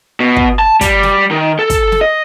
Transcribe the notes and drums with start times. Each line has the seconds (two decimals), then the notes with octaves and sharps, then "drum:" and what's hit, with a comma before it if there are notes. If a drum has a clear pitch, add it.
0.20 B2
0.36 drum: kick
0.59 A5
0.81 G3, drum: kick, hi-hat
1.03 drum: snare
1.31 D#3
1.59 A4
1.70 drum: kick, hi-hat
1.92 drum: snare
2.01 D#5